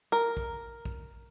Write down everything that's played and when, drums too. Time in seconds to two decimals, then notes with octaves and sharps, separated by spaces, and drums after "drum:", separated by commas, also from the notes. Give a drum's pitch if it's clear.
0.12 A#4
0.37 drum: kick
0.85 drum: kick